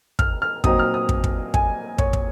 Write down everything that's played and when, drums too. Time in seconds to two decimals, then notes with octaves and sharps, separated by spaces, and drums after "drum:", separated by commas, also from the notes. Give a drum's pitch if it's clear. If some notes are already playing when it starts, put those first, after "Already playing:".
0.19 F6, drum: kick
0.42 F6
0.64 A#2 F#3 C4 D#4 D#6, drum: kick
0.79 F6
0.94 D#6
1.09 drum: kick
1.24 drum: kick
1.54 G#5, drum: kick
1.98 C#5, drum: kick
2.13 drum: kick